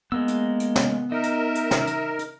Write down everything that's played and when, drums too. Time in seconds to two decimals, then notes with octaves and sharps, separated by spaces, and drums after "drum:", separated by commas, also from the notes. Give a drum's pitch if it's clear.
0.12 G#3 A#3 B3 E6
0.28 drum: hi-hat
0.60 drum: hi-hat
0.76 drum: snare
1.12 D#4 A#4 E5
1.23 drum: hi-hat
1.55 drum: hi-hat
1.71 drum: snare
1.87 drum: hi-hat
2.19 drum: hi-hat